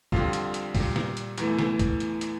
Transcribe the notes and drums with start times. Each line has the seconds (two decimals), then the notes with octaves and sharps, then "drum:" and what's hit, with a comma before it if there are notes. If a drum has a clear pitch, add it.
0.12 F2 D3 G3 F4, drum: kick F#1
0.33 drum: hi-hat
0.54 drum: hi-hat
0.75 G3, drum: kick F#1, open hi-hat
0.80 A#2
0.96 drum: snare
1.17 drum: hi-hat
1.38 E2 E3 A3, drum: hi-hat
1.59 drum: snare
1.79 drum: kick F#1, hi-hat
2.00 drum: hi-hat
2.21 drum: hi-hat